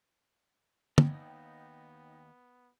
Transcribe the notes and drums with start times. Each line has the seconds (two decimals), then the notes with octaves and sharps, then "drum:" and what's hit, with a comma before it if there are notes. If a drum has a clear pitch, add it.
0.98 D#2 B3 D#4 G5, drum: tom